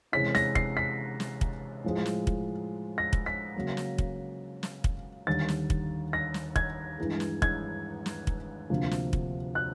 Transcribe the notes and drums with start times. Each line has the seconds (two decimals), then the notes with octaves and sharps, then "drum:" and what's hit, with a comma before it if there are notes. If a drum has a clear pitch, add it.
0.12 C3 E3 G#3 C#4 E4 B6
0.35 A#6, drum: snare
0.55 C7, drum: kick
0.77 B6
1.20 drum: snare
1.41 drum: kick
1.84 A2 F3 G#3
2.06 drum: snare
2.27 drum: kick
2.98 A#6
3.13 drum: kick
3.26 B6
3.56 C#3 F#3 A#3
3.77 drum: snare
3.98 drum: kick
4.63 drum: snare
4.84 drum: kick
5.27 D#2 D3 G3 A6
5.48 drum: snare
5.70 drum: kick
6.13 A#6
6.34 drum: snare
6.56 G#6, drum: kick
6.98 G2 E3 G#3
7.20 drum: snare
7.42 G#6, drum: kick
8.06 drum: snare
8.27 drum: kick
8.70 D2 C3 F3 A#3
8.91 drum: snare
9.13 drum: kick
9.55 F#6